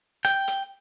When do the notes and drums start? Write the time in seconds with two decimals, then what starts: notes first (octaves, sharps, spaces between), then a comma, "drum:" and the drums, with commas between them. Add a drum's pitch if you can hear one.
0.25 G5, drum: hi-hat
0.48 drum: hi-hat